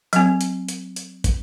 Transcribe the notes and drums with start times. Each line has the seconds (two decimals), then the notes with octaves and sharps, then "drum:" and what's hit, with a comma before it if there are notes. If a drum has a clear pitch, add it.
0.13 F#3 C4, drum: hi-hat
0.41 drum: hi-hat
0.69 drum: hi-hat
0.96 drum: hi-hat
1.24 drum: kick, hi-hat